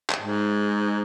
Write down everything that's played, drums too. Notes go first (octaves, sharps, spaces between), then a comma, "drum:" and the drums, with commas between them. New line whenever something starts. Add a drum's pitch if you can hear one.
drum: clap
G#2